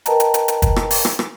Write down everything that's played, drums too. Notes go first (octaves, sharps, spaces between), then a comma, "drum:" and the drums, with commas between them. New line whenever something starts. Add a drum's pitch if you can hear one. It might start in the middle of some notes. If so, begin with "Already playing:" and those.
A#4 B4 D#5 G5 A5 A#5, drum: hi-hat
drum: hi-hat
drum: hi-hat
drum: hi-hat
drum: kick, hi-hat
drum: rim click
drum: open hi-hat
drum: rim click
drum: rim click